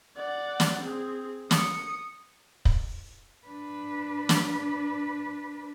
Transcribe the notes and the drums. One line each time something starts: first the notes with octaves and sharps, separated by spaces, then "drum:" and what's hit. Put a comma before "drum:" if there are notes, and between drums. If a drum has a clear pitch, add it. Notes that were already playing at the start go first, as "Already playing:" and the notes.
D5 F#5
drum: snare
C4 G#4
D#6 C#7, drum: snare
drum: kick
D4 B4
drum: snare